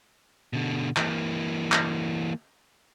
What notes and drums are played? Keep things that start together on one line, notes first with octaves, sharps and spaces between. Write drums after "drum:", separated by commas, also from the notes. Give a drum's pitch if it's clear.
B2 D3
E3 A#3, drum: clap
drum: clap